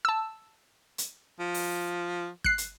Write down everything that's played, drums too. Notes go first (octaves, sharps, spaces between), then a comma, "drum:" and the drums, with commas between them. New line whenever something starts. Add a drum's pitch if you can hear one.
A5 E6
drum: hi-hat
F3
drum: open hi-hat
F#6 C7, drum: kick
drum: hi-hat